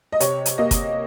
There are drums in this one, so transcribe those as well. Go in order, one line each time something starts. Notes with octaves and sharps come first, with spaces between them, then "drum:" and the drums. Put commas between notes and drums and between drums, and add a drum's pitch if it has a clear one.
D#5
C3 C#5, drum: hi-hat
drum: hi-hat
A#3 D#5
drum: kick, hi-hat